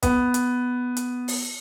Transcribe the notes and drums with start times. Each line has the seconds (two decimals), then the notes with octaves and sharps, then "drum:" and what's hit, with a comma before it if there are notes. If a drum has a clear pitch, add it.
0.03 B3, drum: kick, hi-hat
0.34 drum: hi-hat
0.97 drum: hi-hat
1.28 drum: open hi-hat